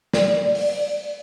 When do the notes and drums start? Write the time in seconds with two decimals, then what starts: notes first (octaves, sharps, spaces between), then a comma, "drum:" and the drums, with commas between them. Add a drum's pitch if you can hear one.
0.13 D5, drum: snare
0.55 drum: open hi-hat